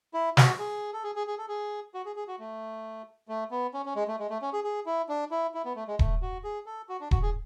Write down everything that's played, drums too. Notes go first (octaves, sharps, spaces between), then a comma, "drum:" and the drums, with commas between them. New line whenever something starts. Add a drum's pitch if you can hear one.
E4
F#4, drum: snare
G#4
A4
G#4
G#4
G#4
A4
G#4
F#4
G#4
G#4
F#4
A3
A3
B3
C#4
C#4
G#3
A3
G#3
A3
C#4
G#4
G#4
E4
D4
E4
E4
B3
A3
G#3
A3, drum: kick D#1
F#4
G#4
A4
F#4
D4
F#4, drum: kick D#1
G#4